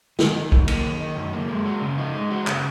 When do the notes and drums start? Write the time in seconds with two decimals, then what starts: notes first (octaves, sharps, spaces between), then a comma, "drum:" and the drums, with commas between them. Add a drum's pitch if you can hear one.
0.19 D#3, drum: snare
0.35 D#4
0.52 F#2, drum: kick
0.68 A#3, drum: cymbal
0.84 D#3
1.01 D#4
1.17 F#2
1.33 A#3
1.49 G#3
1.65 F#4
1.81 C#3
1.98 D#4
2.14 G#3
2.30 F#4
2.47 C#3, drum: clap